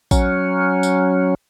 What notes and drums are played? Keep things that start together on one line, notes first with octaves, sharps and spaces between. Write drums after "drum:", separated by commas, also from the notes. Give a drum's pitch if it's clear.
F#3 C#4, drum: kick A1, tambourine
drum: tambourine